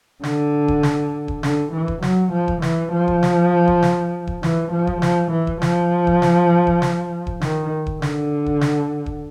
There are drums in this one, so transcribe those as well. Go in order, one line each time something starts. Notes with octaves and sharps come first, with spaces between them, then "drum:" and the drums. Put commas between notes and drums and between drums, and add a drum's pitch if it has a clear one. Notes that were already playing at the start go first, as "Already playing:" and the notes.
D3, drum: snare
drum: kick D#1
drum: snare
drum: kick D#1
D3, drum: snare
E3
drum: kick D#1
F#3, drum: snare
F3
drum: kick D#1
E3, drum: snare
F3
drum: kick D#1
drum: snare
drum: kick D#1
drum: snare
drum: kick D#1
E3, drum: snare
F3
drum: kick D#1
F3, drum: snare
E3
drum: kick D#1
F3, drum: snare
drum: kick D#1
drum: snare
drum: kick D#1
drum: snare
drum: kick D#1
D#3, drum: snare
drum: kick D#1
D3, drum: snare
drum: kick D#1
drum: snare
drum: kick D#1